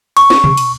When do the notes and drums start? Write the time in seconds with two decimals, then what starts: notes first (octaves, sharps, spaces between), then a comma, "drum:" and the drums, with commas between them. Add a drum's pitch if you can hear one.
0.17 C#6, drum: cymbal
0.30 drum: snare
0.44 drum: tom B2
0.57 drum: cymbal